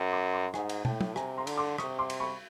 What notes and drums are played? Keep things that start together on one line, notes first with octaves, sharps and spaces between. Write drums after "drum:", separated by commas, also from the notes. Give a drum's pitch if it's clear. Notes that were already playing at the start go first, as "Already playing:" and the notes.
Already playing: F#2
C6 D6
C6 D6
G#2 F#5 G#5, drum: rim click
drum: cymbal
A2 G5 A5, drum: tom
drum: tom
C3 G#5 A#5, drum: rim click
A#5 C6
D3, drum: cymbal
C6 D6
C3 C#6 D#6, drum: rim click
C6 D6
drum: cymbal
B5 C#6